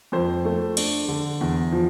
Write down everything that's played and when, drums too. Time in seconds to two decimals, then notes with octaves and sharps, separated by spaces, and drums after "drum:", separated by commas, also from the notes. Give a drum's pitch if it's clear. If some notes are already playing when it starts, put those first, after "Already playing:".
0.12 F2 C5
0.45 A3
0.77 D4, drum: cymbal
1.08 D3
1.41 E2
1.72 F3